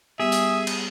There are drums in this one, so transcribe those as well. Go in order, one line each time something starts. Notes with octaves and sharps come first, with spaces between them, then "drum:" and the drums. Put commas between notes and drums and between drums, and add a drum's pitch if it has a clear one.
G3 B3 G4 G#4 E5
drum: hi-hat
drum: cymbal